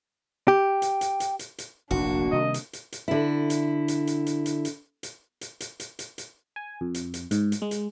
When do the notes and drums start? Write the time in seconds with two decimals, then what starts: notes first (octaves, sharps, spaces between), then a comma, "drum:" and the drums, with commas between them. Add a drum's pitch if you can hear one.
0.48 G4
0.82 drum: hi-hat
1.01 drum: hi-hat
1.20 drum: hi-hat
1.39 drum: hi-hat
1.58 drum: hi-hat
1.91 F1 A#1 E2 A#3 D4 F#4
2.32 C3 D#3 G3 D#5
2.54 drum: hi-hat
2.73 drum: hi-hat
2.92 drum: hi-hat
3.08 D3 E4
3.50 drum: hi-hat
3.88 drum: hi-hat
4.07 drum: hi-hat
4.26 drum: hi-hat
4.46 drum: hi-hat
4.65 drum: hi-hat
5.03 drum: hi-hat
5.41 drum: hi-hat
5.60 drum: hi-hat
5.80 drum: hi-hat
5.99 drum: hi-hat
6.18 drum: hi-hat
6.56 G#5
6.81 F2
6.94 drum: hi-hat
7.14 drum: hi-hat
7.31 G#2, drum: hi-hat
7.52 drum: hi-hat
7.62 G#3
7.71 drum: hi-hat